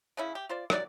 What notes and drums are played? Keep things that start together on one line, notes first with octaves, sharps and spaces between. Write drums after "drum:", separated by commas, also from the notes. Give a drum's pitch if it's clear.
C#3 C#4 E4
G4
F4 C5 D5
F#3 D5, drum: rim click